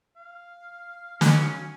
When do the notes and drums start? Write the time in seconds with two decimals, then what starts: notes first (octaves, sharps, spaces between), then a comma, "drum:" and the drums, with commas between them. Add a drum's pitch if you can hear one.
0.16 F5
1.21 F#3 C#4 G#5, drum: snare